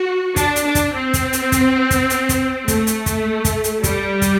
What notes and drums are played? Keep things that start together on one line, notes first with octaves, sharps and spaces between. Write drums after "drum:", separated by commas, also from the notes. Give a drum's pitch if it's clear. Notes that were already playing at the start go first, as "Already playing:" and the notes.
Already playing: F#4
D4, drum: kick, hi-hat
drum: hi-hat
D4
drum: kick, hi-hat
C4
drum: kick, hi-hat
drum: hi-hat
drum: kick, hi-hat
drum: kick, hi-hat
drum: hi-hat
drum: kick, hi-hat
A3, drum: kick, hi-hat
drum: hi-hat
drum: kick, hi-hat
drum: kick, hi-hat
drum: hi-hat
G3, drum: kick, hi-hat
drum: kick, hi-hat